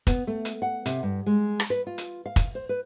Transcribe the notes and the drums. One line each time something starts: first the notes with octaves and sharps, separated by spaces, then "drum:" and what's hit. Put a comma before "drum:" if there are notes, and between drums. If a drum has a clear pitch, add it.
B3, drum: kick, hi-hat
A3
drum: hi-hat
F#5
C3, drum: hi-hat
G2
G#3
drum: rim click
B4
F4
drum: hi-hat
F5
drum: kick, hi-hat
C5
B4